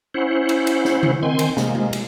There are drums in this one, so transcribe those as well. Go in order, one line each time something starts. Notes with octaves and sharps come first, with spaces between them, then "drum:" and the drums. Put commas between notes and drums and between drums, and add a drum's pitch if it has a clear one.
C#4 E4 C5 F#5
drum: cymbal
drum: cymbal
drum: snare
drum: tom C3
D#3 C4 G#5 C6
drum: cymbal
C3 G#3 A#3, drum: snare
drum: tom G#3
drum: cymbal